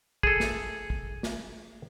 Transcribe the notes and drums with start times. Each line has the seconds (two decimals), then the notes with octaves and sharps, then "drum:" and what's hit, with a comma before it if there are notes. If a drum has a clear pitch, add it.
0.23 G#4 A4, drum: kick
0.40 drum: snare
0.90 drum: kick
1.23 drum: snare